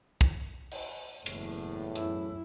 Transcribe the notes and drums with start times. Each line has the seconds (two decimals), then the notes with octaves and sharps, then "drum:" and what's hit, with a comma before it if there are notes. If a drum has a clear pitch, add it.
0.21 drum: kick
0.72 drum: open hi-hat
1.26 F#1 E2 A2, drum: cymbal
1.96 F#2 E4, drum: hi-hat